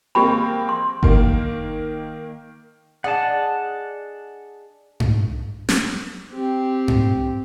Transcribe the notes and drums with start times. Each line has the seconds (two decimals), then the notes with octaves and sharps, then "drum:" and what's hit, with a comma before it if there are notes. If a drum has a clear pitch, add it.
0.15 G#3 A#3 C4 G4 B5
0.69 C6
1.03 D#3 A#3, drum: kick G1
3.04 D4 G#4 D#5 F#5 A5
5.00 drum: tom G2
5.69 drum: snare
6.32 C4 G4
6.88 drum: tom G2